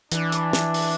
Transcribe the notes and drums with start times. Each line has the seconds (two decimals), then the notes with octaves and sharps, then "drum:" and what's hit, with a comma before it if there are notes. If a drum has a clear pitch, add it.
0.12 E3 D4, drum: hi-hat
0.32 drum: hi-hat
0.53 drum: snare
0.74 drum: open hi-hat